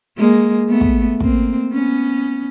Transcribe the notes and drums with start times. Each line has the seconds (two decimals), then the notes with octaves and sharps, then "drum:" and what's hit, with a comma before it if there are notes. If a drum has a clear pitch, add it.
0.17 G#3 A#3
0.69 A3 B3
0.81 drum: kick
1.20 A#3 C4, drum: kick
1.71 B3 C#4